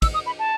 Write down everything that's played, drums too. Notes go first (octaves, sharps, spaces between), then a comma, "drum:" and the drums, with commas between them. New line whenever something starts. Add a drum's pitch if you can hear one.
E6, drum: kick, cymbal
D#6
B5
A5